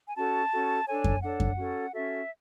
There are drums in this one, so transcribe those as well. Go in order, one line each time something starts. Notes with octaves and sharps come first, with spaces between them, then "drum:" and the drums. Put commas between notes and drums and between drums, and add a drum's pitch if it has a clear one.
G#5
C#4 F#4 A4 A5
C#4 F#4 A4
D4 A4 C#5 G#5
drum: kick F#2
D4 A4 C#5 F#5
drum: kick F#2
C#4 F#4 A4
C#4 F#4 A4 E5